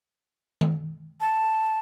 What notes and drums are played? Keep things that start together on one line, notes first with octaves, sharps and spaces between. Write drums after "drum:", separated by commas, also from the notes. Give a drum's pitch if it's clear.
drum: tom D#3
A5